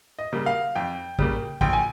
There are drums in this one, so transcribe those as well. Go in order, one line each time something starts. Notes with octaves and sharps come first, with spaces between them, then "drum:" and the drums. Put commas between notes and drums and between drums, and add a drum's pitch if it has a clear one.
D#5
C#3 G3 A#3
F5
F2 G5
C#3 G3 A#3, drum: kick
A#1 G5, drum: kick
G#5